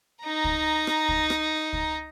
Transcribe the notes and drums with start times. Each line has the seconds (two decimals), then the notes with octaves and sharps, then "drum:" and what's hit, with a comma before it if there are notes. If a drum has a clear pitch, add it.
0.23 D#4 A#5
0.44 drum: kick
0.87 drum: rim click
1.09 drum: kick
1.30 drum: rim click
1.73 drum: kick